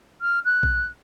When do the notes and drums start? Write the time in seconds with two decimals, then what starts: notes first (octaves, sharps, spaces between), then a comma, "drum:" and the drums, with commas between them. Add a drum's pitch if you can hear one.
0.21 F6
0.45 F#6
0.63 drum: kick B1